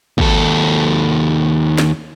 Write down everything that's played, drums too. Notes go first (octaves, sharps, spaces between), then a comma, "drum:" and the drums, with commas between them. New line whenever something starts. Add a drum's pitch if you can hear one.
D#2 A4, drum: kick
drum: snare